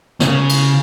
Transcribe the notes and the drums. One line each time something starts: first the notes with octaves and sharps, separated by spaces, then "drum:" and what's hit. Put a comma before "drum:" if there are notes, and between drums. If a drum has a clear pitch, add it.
C#3, drum: snare
drum: cymbal